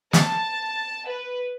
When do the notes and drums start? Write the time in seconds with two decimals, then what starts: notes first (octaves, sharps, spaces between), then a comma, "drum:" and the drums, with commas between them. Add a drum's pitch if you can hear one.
0.13 A5, drum: snare
1.10 B4